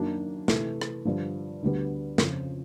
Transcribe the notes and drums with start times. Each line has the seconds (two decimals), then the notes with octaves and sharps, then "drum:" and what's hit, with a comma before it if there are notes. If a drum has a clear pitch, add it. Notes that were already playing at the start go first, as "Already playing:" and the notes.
Already playing: F#2 D#3 F#3 A#3 D4
0.48 C3 E3 A3, drum: snare
0.81 drum: rim click
1.05 G2 D3 F3
1.62 D2 D3 G3 B3
2.18 F2 C#3 F3, drum: snare